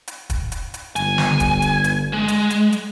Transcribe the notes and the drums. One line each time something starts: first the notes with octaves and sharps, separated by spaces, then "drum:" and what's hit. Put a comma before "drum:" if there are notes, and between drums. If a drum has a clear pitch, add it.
drum: hi-hat
drum: kick, hi-hat
drum: hi-hat
drum: hi-hat
G1 G#5, drum: hi-hat
drum: snare
drum: kick, hi-hat
drum: hi-hat
drum: hi-hat
G#3
drum: hi-hat
drum: hi-hat
drum: hi-hat